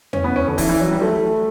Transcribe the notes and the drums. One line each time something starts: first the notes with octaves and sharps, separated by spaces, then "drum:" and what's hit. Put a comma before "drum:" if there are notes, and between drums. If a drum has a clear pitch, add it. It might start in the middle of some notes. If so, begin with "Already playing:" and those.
C#4, drum: tom E2
B3
C#4
D3
E3, drum: kick, open hi-hat
E3
F#3
G3
A3